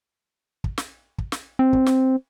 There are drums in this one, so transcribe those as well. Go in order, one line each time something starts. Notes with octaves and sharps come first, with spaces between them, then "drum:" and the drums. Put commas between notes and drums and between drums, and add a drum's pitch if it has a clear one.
drum: kick
drum: snare
drum: kick
drum: snare
C4
drum: kick
drum: snare